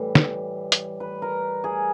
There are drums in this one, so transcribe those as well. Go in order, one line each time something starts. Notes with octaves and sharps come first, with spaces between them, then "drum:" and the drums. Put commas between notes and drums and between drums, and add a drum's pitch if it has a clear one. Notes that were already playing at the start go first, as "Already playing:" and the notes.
Already playing: A2 E3 G3
drum: snare
drum: hi-hat
B4
A#4
G#4